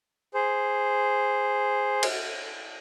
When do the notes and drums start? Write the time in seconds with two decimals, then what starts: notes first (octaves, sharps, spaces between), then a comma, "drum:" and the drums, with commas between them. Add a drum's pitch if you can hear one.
0.34 G#4 C5
2.03 drum: cymbal